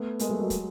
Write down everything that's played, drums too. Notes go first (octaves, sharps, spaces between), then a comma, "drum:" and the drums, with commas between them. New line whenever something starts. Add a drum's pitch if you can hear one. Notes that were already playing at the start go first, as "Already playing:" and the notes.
Already playing: A3 B3
G#3 A#3, drum: hi-hat
G3 A3
F#3 G#3
drum: kick, hi-hat